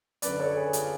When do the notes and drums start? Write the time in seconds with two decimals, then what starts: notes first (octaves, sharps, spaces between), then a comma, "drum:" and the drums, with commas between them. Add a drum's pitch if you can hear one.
0.22 F#2 D3 B4 D5, drum: hi-hat
0.40 A4 C#5
0.57 G#4 B4
0.73 F4 G#4, drum: hi-hat